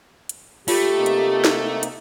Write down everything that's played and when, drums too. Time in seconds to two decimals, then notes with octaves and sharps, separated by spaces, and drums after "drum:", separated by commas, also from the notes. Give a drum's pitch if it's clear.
0.29 drum: hi-hat
0.68 A3 F4 G4 C#5, drum: open hi-hat
0.95 C3 A#3 D#4
1.06 drum: hi-hat
1.44 drum: snare
1.83 drum: hi-hat